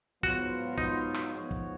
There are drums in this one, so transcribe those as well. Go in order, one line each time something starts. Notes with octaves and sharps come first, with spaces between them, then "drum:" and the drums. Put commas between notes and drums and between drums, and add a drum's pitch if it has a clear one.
G#2 F#3 B3 F4 F#4, drum: kick
D#4, drum: kick
drum: rim click
G#2 F3 B3 F#4 C#5
drum: kick